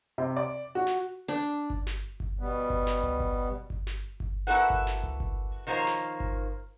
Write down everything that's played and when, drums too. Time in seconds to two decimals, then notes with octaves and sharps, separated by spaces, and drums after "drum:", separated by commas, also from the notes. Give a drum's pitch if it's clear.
0.18 C3
0.37 D5
0.75 F#4
0.87 drum: snare
1.28 D4
1.70 drum: kick G1
1.87 drum: snare
2.20 drum: kick G1
2.39 B2 G3 B3
2.70 drum: kick G1
2.87 drum: snare
3.03 drum: tom C2
3.20 drum: kick G1
3.70 drum: kick G1
3.87 drum: snare
4.20 drum: kick G1
4.47 A#3 E4 F#4 A4 B4 F#5
4.70 drum: kick G1
4.87 drum: snare
5.03 drum: tom C2
5.20 drum: kick G1
5.67 D#3 F3 A#3 F#4 C5 C#5
5.87 drum: snare
6.20 drum: kick G1